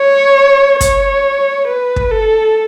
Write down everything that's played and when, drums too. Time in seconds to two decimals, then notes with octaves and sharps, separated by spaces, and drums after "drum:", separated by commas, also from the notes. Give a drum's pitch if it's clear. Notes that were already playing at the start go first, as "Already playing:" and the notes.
Already playing: C#5
0.81 C#5, drum: kick, hi-hat
1.68 B4
1.96 drum: kick
2.11 A4